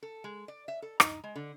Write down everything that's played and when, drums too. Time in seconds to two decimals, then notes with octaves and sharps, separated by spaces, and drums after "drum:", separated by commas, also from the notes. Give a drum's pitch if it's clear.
0.03 A4
0.24 G#3
0.48 D5
0.68 E5
0.82 A4
1.00 D#4, drum: rim click
1.24 G#3
1.36 D3